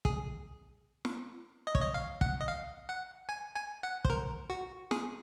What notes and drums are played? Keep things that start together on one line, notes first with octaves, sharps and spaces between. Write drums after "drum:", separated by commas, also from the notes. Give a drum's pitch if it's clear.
G#4, drum: kick
drum: snare
D#5
C#5, drum: kick
D#5
F5
F#5, drum: kick
D#5
F5
F#5
G#5
G#5
F#5
C5, drum: kick
A#4
F#4
G#4, drum: snare